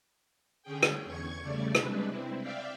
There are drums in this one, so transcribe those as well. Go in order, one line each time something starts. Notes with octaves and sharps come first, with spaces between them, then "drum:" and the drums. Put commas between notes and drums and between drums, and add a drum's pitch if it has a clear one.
D3 C#4 G#4 G5
drum: rim click
E2 C#6 G#6
C#3 G3 A3 D5
C3 G3 G#3 D4 B4, drum: rim click
C4 E4
D5 E5 F5 G5